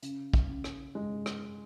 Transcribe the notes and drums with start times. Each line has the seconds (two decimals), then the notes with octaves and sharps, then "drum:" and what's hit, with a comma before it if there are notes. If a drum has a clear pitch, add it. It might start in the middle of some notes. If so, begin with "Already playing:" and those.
0.02 C#3, drum: hi-hat
0.34 drum: kick
0.49 C#3
0.64 drum: rim click
0.95 G#3
1.26 drum: rim click